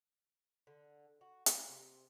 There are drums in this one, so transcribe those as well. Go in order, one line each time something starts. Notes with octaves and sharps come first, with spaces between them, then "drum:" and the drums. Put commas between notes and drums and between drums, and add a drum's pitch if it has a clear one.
D3
F#4
F3, drum: hi-hat
C3